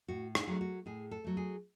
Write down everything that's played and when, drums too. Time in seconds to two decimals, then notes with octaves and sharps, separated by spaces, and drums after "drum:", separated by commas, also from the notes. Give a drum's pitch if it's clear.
0.08 A2 F#4
0.35 G#4, drum: rim click
0.47 F#3 A3
0.61 F#4
0.86 A2 G#4
1.11 A4
1.24 F#3 A3
1.37 G#4